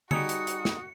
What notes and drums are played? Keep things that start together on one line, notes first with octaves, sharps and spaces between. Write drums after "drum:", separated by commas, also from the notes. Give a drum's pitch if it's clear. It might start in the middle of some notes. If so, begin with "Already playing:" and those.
G3 D#4 F#4 G#4 D#6 C#7, drum: tom D3
drum: hi-hat
drum: hi-hat
drum: snare